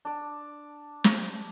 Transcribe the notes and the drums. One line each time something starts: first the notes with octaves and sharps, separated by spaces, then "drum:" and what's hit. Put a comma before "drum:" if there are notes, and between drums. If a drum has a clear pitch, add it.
D4 D5
drum: snare